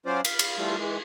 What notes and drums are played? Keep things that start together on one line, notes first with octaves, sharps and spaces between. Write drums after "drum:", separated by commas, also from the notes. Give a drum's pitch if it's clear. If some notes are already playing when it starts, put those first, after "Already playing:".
F#3 C#4 F4 C5 D5
F5 B5, drum: cymbal
drum: cymbal
E3 G3 A3 F4
E3 G#3